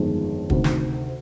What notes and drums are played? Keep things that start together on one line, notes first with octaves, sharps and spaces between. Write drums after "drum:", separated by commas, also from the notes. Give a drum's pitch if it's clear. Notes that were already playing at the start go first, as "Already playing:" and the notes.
Already playing: G1 F2 D#3 G#3
D2 C3 D#3, drum: kick
drum: snare